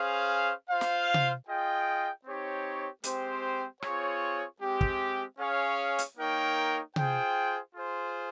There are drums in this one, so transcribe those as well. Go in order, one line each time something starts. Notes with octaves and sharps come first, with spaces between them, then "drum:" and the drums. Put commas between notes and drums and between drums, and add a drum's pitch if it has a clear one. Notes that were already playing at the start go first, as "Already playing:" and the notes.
Already playing: C#4 G#4 C5 F5
F4 C5 F5
drum: snare
drum: tom C3
F4 G#4 D#5 G5
C4 D#4 G4 C#5
G#3 C4 G4 C5, drum: hi-hat
C4 F4 G#4 C#5, drum: rim click
G#3 C4 G4
drum: kick
C#4 G#4 C#5 F5
drum: hi-hat
A#3 D#4 A#4 C#5 G5
F4 G#4 C5 G5, drum: tom C3
F4 G#4 C5